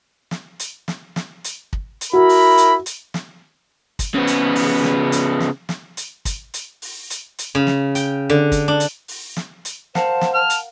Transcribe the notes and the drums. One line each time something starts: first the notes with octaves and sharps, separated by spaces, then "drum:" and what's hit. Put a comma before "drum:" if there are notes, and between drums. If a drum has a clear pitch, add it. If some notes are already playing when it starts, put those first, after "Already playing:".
drum: snare
drum: hi-hat
drum: snare
drum: snare
drum: hi-hat
drum: kick
drum: hi-hat
E4 F#4 A#4 B5
drum: open hi-hat
drum: hi-hat
drum: hi-hat
drum: snare
drum: kick, hi-hat
C#3 B3
drum: hi-hat
drum: open hi-hat
drum: snare
drum: hi-hat
drum: snare
drum: snare
drum: hi-hat
drum: kick, hi-hat
drum: hi-hat
drum: open hi-hat
drum: hi-hat
drum: hi-hat
C#3
drum: snare
G5, drum: hi-hat
D3
drum: kick, hi-hat
D4
drum: hi-hat
drum: open hi-hat
drum: snare
drum: hi-hat
A#4 C5 F5 F#5 A5, drum: snare
drum: snare
A5 F6
drum: hi-hat